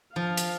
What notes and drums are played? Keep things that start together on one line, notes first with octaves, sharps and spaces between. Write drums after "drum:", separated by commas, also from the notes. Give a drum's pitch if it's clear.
F3 F5
drum: hi-hat